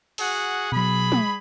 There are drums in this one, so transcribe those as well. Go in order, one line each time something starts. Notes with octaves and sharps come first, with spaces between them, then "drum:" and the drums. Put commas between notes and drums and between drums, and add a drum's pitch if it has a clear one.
F#4 G#4 F#5, drum: open hi-hat
B2 F#3 G#4 B5
drum: tom